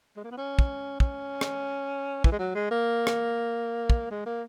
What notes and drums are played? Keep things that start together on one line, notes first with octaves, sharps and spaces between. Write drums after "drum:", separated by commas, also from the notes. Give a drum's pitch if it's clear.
G#3
A#3
B3
C#4
drum: kick
C#4, drum: kick
drum: rim click
E3, drum: kick
G#3
F#3
G#3
A#3
drum: rim click
drum: kick
G#3
A#3